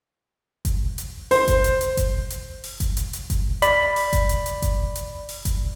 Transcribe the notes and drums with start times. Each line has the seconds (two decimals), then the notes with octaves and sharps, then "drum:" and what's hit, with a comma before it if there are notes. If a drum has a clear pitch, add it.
0.65 drum: kick G1, hi-hat
0.98 drum: hi-hat
1.31 C5, drum: open hi-hat
1.48 drum: kick G1, hi-hat
1.64 drum: hi-hat
1.81 drum: hi-hat
1.97 drum: kick G1, hi-hat
2.30 drum: hi-hat
2.64 drum: open hi-hat
2.80 drum: kick G1, hi-hat
2.97 drum: hi-hat
3.13 drum: hi-hat
3.30 drum: kick G1, hi-hat
3.62 D5 B5, drum: hi-hat
3.96 drum: open hi-hat
4.13 drum: kick G1, hi-hat
4.29 drum: hi-hat
4.46 drum: hi-hat
4.62 drum: kick G1, hi-hat
4.95 drum: hi-hat
5.29 drum: open hi-hat
5.45 drum: kick G1, hi-hat